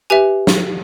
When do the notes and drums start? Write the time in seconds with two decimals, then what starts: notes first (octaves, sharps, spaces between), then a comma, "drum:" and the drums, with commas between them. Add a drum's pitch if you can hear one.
0.10 G4 B4 E5 G#5
0.47 drum: snare